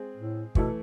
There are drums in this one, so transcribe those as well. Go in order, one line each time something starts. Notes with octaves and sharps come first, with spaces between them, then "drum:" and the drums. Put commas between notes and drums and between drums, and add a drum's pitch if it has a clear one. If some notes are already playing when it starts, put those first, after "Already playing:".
Already playing: G#3 C4 G#4
A2
B2 E3 A3 E4 A4, drum: kick